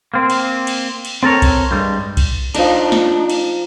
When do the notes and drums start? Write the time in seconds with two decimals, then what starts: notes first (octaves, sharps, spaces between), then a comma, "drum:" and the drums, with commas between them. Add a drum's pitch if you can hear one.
0.14 A#3 C4
0.30 drum: cymbal
0.67 drum: cymbal
1.05 drum: cymbal
1.23 C4 A4 A#4 C#5
1.42 drum: kick B1, cymbal
1.71 G2 G3 G#3
2.17 drum: kick B1, cymbal
2.55 F3 D4 D#4 A#4, drum: cymbal
2.92 drum: snare
3.30 drum: cymbal